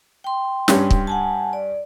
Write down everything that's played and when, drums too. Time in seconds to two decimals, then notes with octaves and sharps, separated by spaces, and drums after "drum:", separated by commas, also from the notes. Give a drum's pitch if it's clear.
0.24 G5 C6
0.68 G2 C#4, drum: snare
0.91 drum: kick
1.07 F#5 G#5 A5
1.53 D5